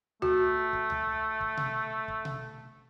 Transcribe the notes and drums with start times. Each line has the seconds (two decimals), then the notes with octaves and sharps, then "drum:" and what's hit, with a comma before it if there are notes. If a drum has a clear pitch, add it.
0.22 A3 F#4, drum: tom C#2
0.73 drum: kick
0.90 drum: tom C#2
1.40 drum: kick
1.57 drum: tom B2
2.08 drum: kick
2.25 drum: tom B2